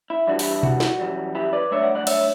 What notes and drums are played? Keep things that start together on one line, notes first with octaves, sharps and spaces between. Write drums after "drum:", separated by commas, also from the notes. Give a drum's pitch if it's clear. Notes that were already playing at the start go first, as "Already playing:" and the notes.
E4
G2 E3 G3 D4 F#4
E4 G4, drum: open hi-hat
E4
F#4, drum: tom B2
drum: snare
F#2 E3 G3
E4 G4
B4 D5
G2 F#3 A3 D4 C#5 E5
D5 F#5
D5 F#5
C#5 E5, drum: cymbal